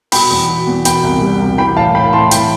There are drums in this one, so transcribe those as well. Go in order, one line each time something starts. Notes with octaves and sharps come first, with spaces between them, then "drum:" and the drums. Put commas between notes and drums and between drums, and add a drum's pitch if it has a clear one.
B2 G5 B5, drum: open hi-hat
E2
B2
E2
B2 G5 B5, drum: hi-hat
C2
G3
C2
E3 G5 B5
A2 F5 A5
A2 G5 B5
A2 A5 C6
E3 G5 B5, drum: hi-hat